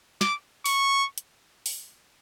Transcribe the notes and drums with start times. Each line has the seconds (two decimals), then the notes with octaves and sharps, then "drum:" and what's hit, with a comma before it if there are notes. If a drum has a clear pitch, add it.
0.21 D6, drum: snare
0.66 C#6, drum: open hi-hat
1.18 drum: hi-hat
1.66 drum: open hi-hat